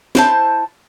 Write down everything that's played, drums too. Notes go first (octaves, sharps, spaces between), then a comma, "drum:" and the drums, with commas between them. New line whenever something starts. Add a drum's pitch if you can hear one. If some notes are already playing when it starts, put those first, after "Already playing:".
E4 C5 A5, drum: snare